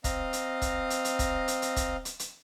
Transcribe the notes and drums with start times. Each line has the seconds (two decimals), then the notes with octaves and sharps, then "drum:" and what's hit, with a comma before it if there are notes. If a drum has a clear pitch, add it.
0.04 C4 D#5 F5 A#5, drum: kick, hi-hat
0.33 drum: hi-hat
0.62 drum: kick, hi-hat
0.90 drum: hi-hat
1.05 drum: hi-hat
1.19 drum: kick, hi-hat
1.48 drum: hi-hat
1.62 drum: hi-hat
1.76 drum: kick, hi-hat
2.05 drum: hi-hat
2.19 drum: hi-hat